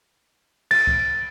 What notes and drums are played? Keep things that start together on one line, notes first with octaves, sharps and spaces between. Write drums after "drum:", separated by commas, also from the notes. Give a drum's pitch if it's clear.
A6, drum: cymbal
drum: kick C2